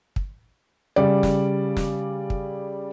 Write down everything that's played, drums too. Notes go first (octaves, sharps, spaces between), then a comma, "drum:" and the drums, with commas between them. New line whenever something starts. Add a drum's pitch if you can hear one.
drum: kick
C#3 G3 D5
drum: snare
drum: snare
drum: kick